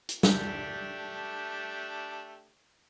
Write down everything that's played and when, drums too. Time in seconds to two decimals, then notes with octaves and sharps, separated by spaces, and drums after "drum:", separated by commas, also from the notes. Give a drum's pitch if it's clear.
0.09 drum: hi-hat
0.23 A3 D4 G4, drum: snare